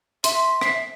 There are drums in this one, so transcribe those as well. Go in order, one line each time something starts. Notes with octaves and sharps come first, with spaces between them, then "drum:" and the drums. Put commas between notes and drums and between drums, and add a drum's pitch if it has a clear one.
E5 C6, drum: hi-hat
B6 C7, drum: rim click